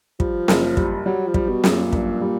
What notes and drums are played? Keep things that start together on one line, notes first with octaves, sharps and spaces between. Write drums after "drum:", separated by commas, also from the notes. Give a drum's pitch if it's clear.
F3 G3, drum: kick
F#1, drum: snare
G3, drum: kick
F#3 G3
F3
G3, drum: kick
B2
F#2, drum: snare
A#2
G2, drum: kick
G3